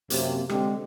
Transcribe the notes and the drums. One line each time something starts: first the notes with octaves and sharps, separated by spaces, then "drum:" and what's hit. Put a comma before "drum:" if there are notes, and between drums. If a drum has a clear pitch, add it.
F#2 C3 A#3, drum: hi-hat
D3 G#3 C4 G4, drum: rim click